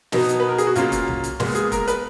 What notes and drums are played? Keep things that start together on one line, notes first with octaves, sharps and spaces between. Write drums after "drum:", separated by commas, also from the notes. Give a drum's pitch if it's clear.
B2 F#3 B3 D#4, drum: snare
drum: hi-hat
B4
A#4
G#4, drum: hi-hat
F#4
A#2 F#3 A#3 C#4 F4, drum: hi-hat
drum: kick, hi-hat
drum: tom C2
drum: hi-hat
A#2 G#3 B3, drum: snare
G#4, drum: hi-hat
A#4, drum: kick, hi-hat
B4, drum: hi-hat